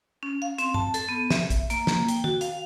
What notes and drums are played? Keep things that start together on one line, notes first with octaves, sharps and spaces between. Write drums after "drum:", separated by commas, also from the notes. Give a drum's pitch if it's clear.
C#4
F5
C4, drum: hi-hat
A5, drum: tom G2
A4, drum: hi-hat
B3
E5, drum: snare
drum: kick, hi-hat
A#3, drum: hi-hat
drum: snare
G5, drum: hi-hat
F#4, drum: tom D#3
F5, drum: hi-hat